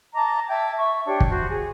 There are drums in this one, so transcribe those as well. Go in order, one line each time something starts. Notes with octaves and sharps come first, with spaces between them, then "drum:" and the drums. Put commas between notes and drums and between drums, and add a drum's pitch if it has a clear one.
D#5 A5 A#5 D6
E5 G5 A5 G#6
E5 C#6
D4 G4 C#5
drum: kick
F#4 C5
G#4